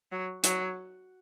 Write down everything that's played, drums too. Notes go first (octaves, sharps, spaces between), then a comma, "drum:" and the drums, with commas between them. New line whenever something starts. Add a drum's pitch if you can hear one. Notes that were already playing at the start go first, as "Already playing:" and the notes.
F#3
F#3, drum: hi-hat